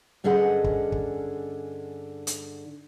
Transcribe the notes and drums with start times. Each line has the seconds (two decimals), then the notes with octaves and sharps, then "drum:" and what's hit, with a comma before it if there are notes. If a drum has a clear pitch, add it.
0.24 G2 D3 C#4 G#4 D#5 F#5
0.64 drum: kick
0.92 drum: kick
2.27 drum: hi-hat